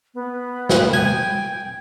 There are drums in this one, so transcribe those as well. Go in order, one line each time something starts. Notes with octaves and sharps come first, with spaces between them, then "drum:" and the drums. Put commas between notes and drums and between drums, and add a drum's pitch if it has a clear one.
B3
drum: snare
G5 G#5